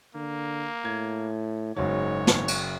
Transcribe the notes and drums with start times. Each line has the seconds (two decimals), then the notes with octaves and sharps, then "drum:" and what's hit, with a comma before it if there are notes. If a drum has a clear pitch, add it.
0.15 D3 A#3
0.85 A2 G#6
1.76 F#1 G#2 F#3 C#5
2.27 drum: snare
2.48 drum: cymbal